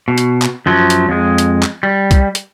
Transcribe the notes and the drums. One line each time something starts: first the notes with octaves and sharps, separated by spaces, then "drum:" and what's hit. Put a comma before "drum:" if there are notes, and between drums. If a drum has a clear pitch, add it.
B2
drum: hi-hat
drum: clap
F#2 F3 F#3
drum: hi-hat
F2 G#3
drum: hi-hat
drum: clap
G3
drum: kick C2, hi-hat
drum: hi-hat